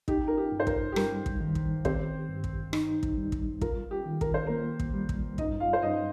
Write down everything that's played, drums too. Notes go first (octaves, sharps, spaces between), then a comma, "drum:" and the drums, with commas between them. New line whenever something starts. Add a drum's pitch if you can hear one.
D#4 G4, drum: kick
A#4
G4
G2
C5
A#4, drum: kick
G4
G3 A#4, drum: rim click
drum: kick
D#3
drum: kick
C4 G4 C5, drum: kick
G2
drum: kick
D#4, drum: rim click
drum: kick
G3
drum: kick
F4 A#4, drum: kick
G4
D#3
A#4, drum: kick
C5
A#3 A#4
drum: kick
G3
drum: kick
G2 D#4 D#5, drum: kick
F4 F5
C5
G2 D#4 D#5